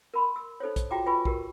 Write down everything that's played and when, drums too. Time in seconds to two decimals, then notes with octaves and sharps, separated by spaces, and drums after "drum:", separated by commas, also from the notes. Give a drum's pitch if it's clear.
0.14 A#4 B5 C6
0.36 E6
0.60 D#4 A4 C5 C#5
0.76 drum: kick, hi-hat
0.91 F4 F#4 G#4 G5 A#5 D6
1.06 F4 B4 G#5 B5 C#6
1.25 F#4 G4 A#4, drum: kick